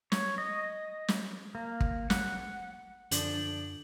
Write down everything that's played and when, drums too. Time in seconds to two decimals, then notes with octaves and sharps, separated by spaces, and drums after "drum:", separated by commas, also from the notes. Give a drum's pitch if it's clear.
0.12 C#5, drum: snare
0.38 D#5
1.08 drum: snare
1.55 A#3
1.80 drum: kick
2.10 F#5, drum: snare
3.11 F#2 D3 F3 D4 F#7, drum: hi-hat